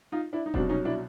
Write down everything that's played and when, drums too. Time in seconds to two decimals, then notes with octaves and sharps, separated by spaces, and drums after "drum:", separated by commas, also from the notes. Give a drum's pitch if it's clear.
0.12 D#4 F4
0.33 D4 E4
0.46 D#4
0.54 C2 B2 F#3 C4 D4, drum: kick E1
0.69 C#4 D#4
0.85 D4 E4